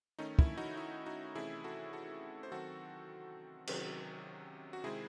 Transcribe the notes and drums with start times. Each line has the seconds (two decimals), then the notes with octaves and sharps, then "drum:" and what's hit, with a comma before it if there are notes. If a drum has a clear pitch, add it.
0.19 D#3 A3 C#4 D#4
0.39 E4, drum: kick
0.57 D#4 F#4
0.77 E4
1.06 D#4 F#4
1.35 C3 E3 A3 C#4 E4 G#4
1.64 F#4 A4
1.93 F#4 A4
2.43 C5
2.52 D#3 F#3 C4 F#4 A4
3.67 C3 D#3 F#3 C#4, drum: cymbal
4.73 F#4
4.84 C3 D#3 G#3 C4 E4 G#4